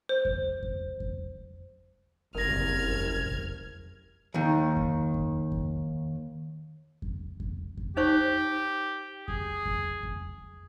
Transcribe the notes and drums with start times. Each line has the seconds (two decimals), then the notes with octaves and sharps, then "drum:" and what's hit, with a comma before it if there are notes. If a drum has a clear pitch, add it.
0.09 C5
0.25 drum: kick F2
0.63 drum: kick F2
1.00 drum: kick F2
2.35 F#1 C2 A#4 F6 G#6 A#6
2.51 drum: kick F2
2.88 drum: kick F2
3.26 drum: kick F2
4.34 D#2 D#3
4.76 drum: kick F2
5.14 drum: kick F2
5.52 drum: kick F2
7.02 drum: kick F2
7.40 drum: kick F2
7.77 drum: kick F2
7.97 D#4 G4 C5 C#6
9.28 G#4, drum: kick F2
9.66 drum: kick F2
10.03 drum: kick F2